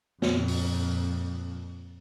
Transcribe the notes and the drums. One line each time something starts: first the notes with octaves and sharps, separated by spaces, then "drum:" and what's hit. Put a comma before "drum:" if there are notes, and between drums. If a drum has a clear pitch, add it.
F2 A#2, drum: snare
drum: open hi-hat